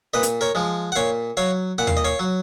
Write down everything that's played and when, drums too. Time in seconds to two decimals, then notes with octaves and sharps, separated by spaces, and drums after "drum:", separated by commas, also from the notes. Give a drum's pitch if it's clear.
0.14 A#2 B4 D#5
0.23 drum: hi-hat
0.41 A#4 C#5
0.55 F3 G#3
0.92 F#5
0.96 A#2 C#5 F5
1.37 F#3 C#5 F5
1.78 A#2 F#5
1.87 F5, drum: tom D#2
1.97 D#5
2.05 C#5 F5
2.19 F#3